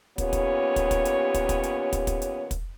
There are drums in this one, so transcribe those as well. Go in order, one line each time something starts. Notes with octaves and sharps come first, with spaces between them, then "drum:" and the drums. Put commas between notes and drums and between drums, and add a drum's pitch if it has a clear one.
D#2 A#2 B3 C#4 G4 C#5, drum: kick, hi-hat
drum: kick, hi-hat
drum: kick, hi-hat
drum: kick, hi-hat
drum: hi-hat
drum: kick, hi-hat
drum: kick, hi-hat
drum: hi-hat
drum: kick, hi-hat
drum: kick, hi-hat
drum: hi-hat
drum: kick, hi-hat